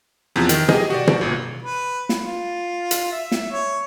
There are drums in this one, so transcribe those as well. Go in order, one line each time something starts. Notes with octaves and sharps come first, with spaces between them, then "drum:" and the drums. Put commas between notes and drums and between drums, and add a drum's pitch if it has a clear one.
E2 C3 F3
D#3, drum: hi-hat
G4 G#4 D#5, drum: tom
F#4 G4 D5
drum: tom
G1 A#2
B4
drum: snare
F4
drum: hi-hat
E5
drum: snare
C#5